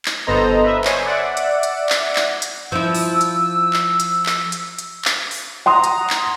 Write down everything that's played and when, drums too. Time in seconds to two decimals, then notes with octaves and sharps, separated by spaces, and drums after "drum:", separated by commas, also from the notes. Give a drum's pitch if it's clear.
0.05 drum: clap
0.27 G1 B3 A4 C5 D#5 A#5
0.62 B4 D#5 E5
0.84 C5 C#5 G#5, drum: clap
1.05 D5 E5 F#5
1.37 drum: hi-hat
1.63 drum: hi-hat
1.89 drum: clap
2.16 drum: clap
2.42 drum: hi-hat
2.72 F3 E4 E6
2.95 drum: open hi-hat
3.21 drum: hi-hat
3.73 drum: clap
4.00 drum: hi-hat
4.26 drum: clap
4.52 drum: hi-hat
4.79 drum: hi-hat
5.05 drum: clap
5.31 drum: open hi-hat
5.66 F#5 A#5 C6 D#6
5.84 drum: hi-hat
6.10 drum: clap